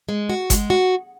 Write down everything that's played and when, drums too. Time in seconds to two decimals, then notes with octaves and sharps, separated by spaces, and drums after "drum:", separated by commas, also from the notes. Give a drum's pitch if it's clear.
0.09 G#3
0.29 F#4
0.50 G#3, drum: kick G1, hi-hat
0.70 F#4